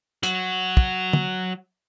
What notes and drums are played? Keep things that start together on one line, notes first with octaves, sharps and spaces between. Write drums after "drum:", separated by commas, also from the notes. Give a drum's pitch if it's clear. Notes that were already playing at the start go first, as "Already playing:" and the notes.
F#3 F#4, drum: hi-hat
drum: kick
drum: tom